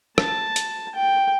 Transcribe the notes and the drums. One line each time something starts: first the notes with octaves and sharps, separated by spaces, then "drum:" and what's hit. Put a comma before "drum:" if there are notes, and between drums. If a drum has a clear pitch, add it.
A5, drum: rim click
drum: hi-hat
G5